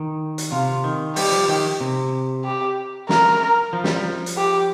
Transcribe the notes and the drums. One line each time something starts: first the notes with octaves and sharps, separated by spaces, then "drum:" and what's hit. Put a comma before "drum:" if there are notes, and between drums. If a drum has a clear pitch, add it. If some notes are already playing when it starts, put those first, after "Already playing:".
Already playing: D#3
drum: hi-hat
C3 F4
D#3
G3 G4, drum: open hi-hat
F3
D#3
C3
G4
A#4, drum: snare
F3
G3, drum: snare
F3
drum: hi-hat
G4